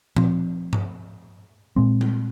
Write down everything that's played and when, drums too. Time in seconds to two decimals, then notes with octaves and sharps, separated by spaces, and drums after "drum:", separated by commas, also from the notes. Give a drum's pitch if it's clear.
0.16 F3 C4, drum: tom A#2
0.73 drum: tom G2
1.76 A#2 G#3 C4
2.01 drum: tom G3